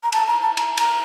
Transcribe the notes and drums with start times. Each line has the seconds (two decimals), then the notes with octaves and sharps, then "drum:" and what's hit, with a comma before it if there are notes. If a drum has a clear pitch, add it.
0.03 A#5
0.12 A5, drum: cymbal
0.27 A#5
0.42 A5
0.57 A#5, drum: cymbal
0.77 A#5, drum: cymbal